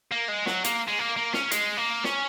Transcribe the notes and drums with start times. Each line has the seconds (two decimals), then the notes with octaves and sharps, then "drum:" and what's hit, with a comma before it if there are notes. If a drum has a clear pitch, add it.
0.12 A#3
0.28 G#3
0.46 F#3, drum: snare
0.64 A#3, drum: hi-hat
0.88 G#3
0.99 A#3
1.17 A#3
1.34 C#4, drum: snare
1.51 G#3, drum: hi-hat
1.78 A#3
2.04 C#4, drum: snare